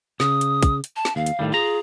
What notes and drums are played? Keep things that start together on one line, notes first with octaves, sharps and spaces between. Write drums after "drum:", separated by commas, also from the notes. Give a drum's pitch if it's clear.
C#3 D#6, drum: snare
drum: hi-hat
drum: kick, hi-hat
drum: hi-hat
A5
drum: snare
D#2 F5
drum: hi-hat
A2 D#3 G3
F4 G#4 A#5